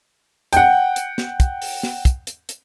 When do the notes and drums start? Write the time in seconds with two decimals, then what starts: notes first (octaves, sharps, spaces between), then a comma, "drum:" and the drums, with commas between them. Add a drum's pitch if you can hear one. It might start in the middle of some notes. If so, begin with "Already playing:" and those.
0.53 F#5 G5, drum: hi-hat
0.96 drum: hi-hat
1.18 drum: snare
1.40 drum: kick, hi-hat
1.62 drum: open hi-hat
1.83 drum: snare
2.05 drum: kick, hi-hat
2.27 drum: hi-hat
2.49 drum: hi-hat